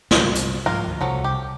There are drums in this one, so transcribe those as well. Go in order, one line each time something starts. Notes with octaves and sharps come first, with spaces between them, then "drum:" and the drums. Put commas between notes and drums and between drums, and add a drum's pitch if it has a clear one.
C2 G2, drum: snare
drum: hi-hat
G#2 F3 A#3 F4 A#4
D2
C2 F3 F#3 A4
G4